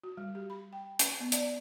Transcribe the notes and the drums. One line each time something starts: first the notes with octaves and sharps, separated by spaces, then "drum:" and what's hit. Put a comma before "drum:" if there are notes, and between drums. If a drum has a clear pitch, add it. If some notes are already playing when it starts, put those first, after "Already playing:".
F#4
G3
G4
B5
G5
C#4, drum: hi-hat
B3
D5, drum: hi-hat